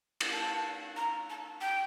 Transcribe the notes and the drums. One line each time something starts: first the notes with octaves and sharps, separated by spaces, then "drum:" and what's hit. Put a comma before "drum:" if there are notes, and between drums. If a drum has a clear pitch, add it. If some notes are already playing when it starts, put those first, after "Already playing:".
drum: cymbal
A5
A#5
A5
G5